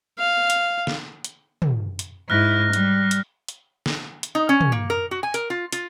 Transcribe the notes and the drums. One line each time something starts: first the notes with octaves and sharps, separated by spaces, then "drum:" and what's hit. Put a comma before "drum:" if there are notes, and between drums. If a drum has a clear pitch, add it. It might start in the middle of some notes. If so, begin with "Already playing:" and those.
F5
drum: hi-hat
drum: snare
drum: hi-hat
drum: tom
drum: hi-hat
G#2 E4 F6 F#6 A#6
G3, drum: hi-hat
drum: hi-hat
drum: hi-hat
drum: snare
drum: hi-hat
D#4
C#4
drum: tom
A#3
A#4
F#4
G#5
A#4, drum: hi-hat
F4
F4, drum: hi-hat